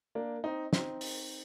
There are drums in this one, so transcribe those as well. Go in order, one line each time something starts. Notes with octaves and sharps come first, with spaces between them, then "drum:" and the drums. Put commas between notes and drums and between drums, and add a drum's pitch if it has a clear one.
A#3 D4
C4 D#4
C4 D#4, drum: snare
drum: open hi-hat